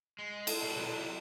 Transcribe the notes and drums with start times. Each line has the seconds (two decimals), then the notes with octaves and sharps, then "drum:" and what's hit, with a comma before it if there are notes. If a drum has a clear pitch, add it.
0.19 G#3
0.47 A4, drum: cymbal
0.63 B2
0.76 C3 F#3